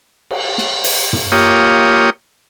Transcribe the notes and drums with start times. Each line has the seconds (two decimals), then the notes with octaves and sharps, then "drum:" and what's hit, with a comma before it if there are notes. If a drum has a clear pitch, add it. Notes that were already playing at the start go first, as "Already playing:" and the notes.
0.31 drum: cymbal
0.58 drum: snare
0.84 drum: open hi-hat
1.13 drum: tom
1.32 A#3 F4 G4 C#5 D#6